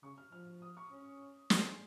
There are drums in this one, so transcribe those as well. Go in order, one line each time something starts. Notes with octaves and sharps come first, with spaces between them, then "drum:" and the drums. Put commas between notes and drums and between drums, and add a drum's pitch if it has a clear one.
C#3 C#6
F6
F3 F6
D#6
C#6
C#4
C4 G#5, drum: snare
G#3 C6